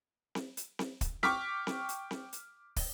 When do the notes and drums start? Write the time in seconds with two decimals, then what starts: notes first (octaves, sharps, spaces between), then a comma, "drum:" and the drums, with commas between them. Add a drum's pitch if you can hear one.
0.35 drum: snare C4
0.57 drum: hi-hat
0.79 drum: snare C4
1.01 drum: kick, hi-hat
1.23 G5 C#6 D6 F6 B6, drum: snare C4
1.67 drum: snare C4
1.89 drum: hi-hat
2.11 drum: snare C4
2.33 drum: hi-hat
2.76 drum: kick, open hi-hat